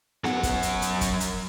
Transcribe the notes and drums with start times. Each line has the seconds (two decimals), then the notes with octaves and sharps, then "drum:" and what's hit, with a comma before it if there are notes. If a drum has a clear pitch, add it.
0.24 F#2 F#5, drum: snare B3
0.43 drum: kick, hi-hat
0.63 drum: hi-hat
0.82 drum: hi-hat
1.01 drum: kick, hi-hat
1.20 drum: hi-hat